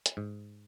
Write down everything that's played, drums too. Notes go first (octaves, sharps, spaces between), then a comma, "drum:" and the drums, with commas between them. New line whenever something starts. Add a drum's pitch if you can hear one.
drum: hi-hat
G#2